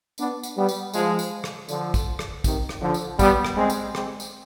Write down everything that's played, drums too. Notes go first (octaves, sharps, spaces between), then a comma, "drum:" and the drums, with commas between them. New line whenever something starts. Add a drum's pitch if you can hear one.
B3 D4, drum: tambourine
drum: tambourine
G3 B3
drum: tambourine
F3 G#3, drum: tambourine
drum: tambourine
drum: rim click
D3 F3, drum: tambourine
drum: kick, tambourine
drum: rim click
C3 D#3, drum: kick, tambourine
drum: rim click
D3 F3
drum: tambourine
G3 B3, drum: kick, tambourine
drum: rim click
G#3 C4
drum: tambourine
G#3 C4, drum: rim click
drum: tambourine